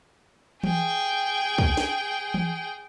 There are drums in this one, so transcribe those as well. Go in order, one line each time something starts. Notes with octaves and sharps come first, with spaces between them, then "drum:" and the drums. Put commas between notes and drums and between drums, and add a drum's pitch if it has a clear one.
G#4 G5, drum: tom E3
drum: kick
drum: snare
drum: tom E3